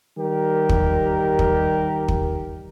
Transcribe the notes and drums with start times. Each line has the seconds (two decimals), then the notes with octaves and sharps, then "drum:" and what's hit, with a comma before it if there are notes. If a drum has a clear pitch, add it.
0.17 D#3 G3 G4 A#4
0.69 drum: kick
1.39 drum: kick
2.08 drum: kick